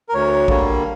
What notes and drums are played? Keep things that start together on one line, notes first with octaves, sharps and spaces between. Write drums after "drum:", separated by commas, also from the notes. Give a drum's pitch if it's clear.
A#4
D2 C#5
D3 G3 A#3, drum: kick